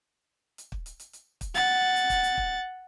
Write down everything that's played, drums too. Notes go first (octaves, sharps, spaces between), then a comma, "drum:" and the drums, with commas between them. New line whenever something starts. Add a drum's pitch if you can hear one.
drum: hi-hat
drum: kick
drum: hi-hat
drum: hi-hat
drum: hi-hat
drum: kick, hi-hat
F#5 A6, drum: hi-hat
drum: hi-hat
drum: kick, hi-hat
drum: hi-hat
drum: kick